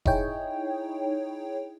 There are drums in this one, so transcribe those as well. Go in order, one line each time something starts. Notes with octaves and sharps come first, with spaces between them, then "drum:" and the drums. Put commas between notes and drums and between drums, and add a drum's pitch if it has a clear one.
D#4 E4 G#4 C#5 G5, drum: kick F1